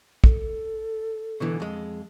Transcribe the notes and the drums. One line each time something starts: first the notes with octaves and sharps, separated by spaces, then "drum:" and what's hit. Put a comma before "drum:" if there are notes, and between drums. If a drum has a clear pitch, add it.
A4, drum: kick
B2 D3 E3
F2 G#3